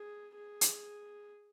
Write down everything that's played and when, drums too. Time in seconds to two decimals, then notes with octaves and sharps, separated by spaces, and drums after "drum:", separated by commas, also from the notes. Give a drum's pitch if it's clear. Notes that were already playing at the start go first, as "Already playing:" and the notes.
Already playing: G#4
0.35 G#4
0.61 drum: hi-hat